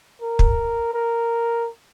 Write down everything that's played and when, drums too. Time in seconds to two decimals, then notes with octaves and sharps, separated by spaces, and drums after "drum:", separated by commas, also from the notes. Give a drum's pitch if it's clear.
0.22 A#4
0.39 drum: kick
0.94 A#4